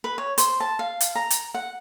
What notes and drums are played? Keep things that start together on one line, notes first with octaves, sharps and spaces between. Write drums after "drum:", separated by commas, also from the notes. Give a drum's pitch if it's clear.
B4
C#5
C5, drum: hi-hat
A5
F5
drum: hi-hat
A#5
drum: hi-hat
F#5